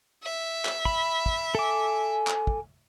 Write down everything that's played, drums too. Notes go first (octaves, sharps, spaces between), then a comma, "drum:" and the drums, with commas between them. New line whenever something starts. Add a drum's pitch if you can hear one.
E5
drum: clap
B5, drum: kick
drum: kick
A4 G#5 D6
drum: clap
drum: kick